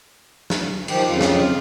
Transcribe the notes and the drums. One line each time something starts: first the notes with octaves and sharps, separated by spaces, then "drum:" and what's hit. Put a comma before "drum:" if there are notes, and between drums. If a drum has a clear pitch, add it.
drum: snare
D#3 F3 G4, drum: cymbal
F2 C#3 F4
drum: snare